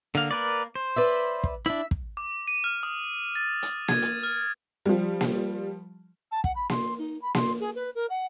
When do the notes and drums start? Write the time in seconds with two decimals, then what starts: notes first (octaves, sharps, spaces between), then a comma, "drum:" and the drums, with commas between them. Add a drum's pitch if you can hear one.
0.15 D3 A#3 F5
0.31 A#4 B4 D5
0.75 C5
0.96 B4 D5 E5
1.43 drum: kick
1.66 D4 E4 E5
1.91 drum: kick
2.17 D6
2.48 D#7
2.64 F6
2.83 D#6
3.35 A6
3.62 drum: hi-hat
3.88 G#6, drum: snare A#3
4.02 drum: hi-hat
4.23 F6
4.86 F3 G3
5.21 drum: snare A#3
6.31 A5
6.44 F#5, drum: kick
6.55 B5
6.70 C6, drum: snare A#3
6.98 D#4
7.21 B5
7.35 C6, drum: snare A#3
7.60 G#4
7.75 B4
7.95 A#4
8.10 F#5